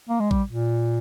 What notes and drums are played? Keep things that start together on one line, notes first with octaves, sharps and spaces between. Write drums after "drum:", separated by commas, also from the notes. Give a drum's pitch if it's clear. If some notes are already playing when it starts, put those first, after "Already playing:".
A#3
G#3
G3, drum: kick A#1
A#2